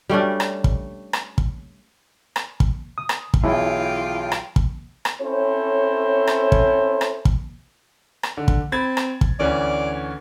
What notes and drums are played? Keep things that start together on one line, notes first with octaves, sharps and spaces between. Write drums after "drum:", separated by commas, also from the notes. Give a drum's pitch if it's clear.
G3 A3 C#4 D4
drum: rim click
drum: kick
drum: rim click
drum: kick
drum: rim click
drum: kick
D#6
drum: rim click
drum: kick
B1 E3 E4 F4 G#4 G5
drum: rim click
drum: kick
drum: rim click
C4 C#4 E4 A4 C5 C#5
drum: rim click
drum: kick
drum: rim click
drum: kick
drum: rim click
D3
drum: kick
C4 B5 G#6 A6
drum: rim click
drum: kick
D2 E3 C#4 D5